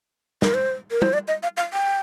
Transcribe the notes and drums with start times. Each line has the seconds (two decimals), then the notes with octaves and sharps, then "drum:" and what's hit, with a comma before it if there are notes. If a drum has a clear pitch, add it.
0.42 A#4, drum: snare
0.54 C5
0.91 A#4
1.02 C5, drum: tom G3
1.13 D5
1.28 D#5
1.43 F5
1.57 F5
1.73 G5